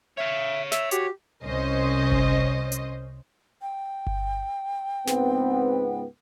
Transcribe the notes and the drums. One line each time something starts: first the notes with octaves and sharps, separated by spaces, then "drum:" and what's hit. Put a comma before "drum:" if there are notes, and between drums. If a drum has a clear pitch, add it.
C#5 E5 F5
E5, drum: snare
F#4 G4, drum: hi-hat
C2 C#4 C5 D#5
drum: kick G1
drum: hi-hat
G5
drum: kick G1
C#2 G#2 B3 C4, drum: snare